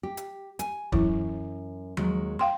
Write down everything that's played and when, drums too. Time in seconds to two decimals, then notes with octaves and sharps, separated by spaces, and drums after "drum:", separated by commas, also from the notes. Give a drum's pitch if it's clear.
0.03 G4
0.17 drum: hi-hat
0.59 G#5, drum: hi-hat
0.92 F#2 E3 E4, drum: kick
1.97 D#2 F#3 G#3, drum: tom F3
2.39 C4 F5 G5 C6